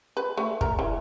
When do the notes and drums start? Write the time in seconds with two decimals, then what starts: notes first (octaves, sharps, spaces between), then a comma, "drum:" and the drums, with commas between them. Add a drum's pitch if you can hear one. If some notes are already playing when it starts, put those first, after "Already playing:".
0.17 B4
0.37 A3
0.61 A#4, drum: kick
0.79 E3